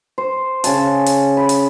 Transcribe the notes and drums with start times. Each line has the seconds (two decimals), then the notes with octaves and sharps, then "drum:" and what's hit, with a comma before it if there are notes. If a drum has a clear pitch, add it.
0.18 C5
0.64 C#3 G#5 A5, drum: hi-hat
1.06 drum: hi-hat
1.37 B5
1.49 drum: hi-hat